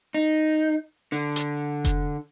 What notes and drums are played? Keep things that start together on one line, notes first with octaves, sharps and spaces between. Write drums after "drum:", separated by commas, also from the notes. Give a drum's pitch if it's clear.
D#4
D3
drum: hi-hat
drum: kick F1, hi-hat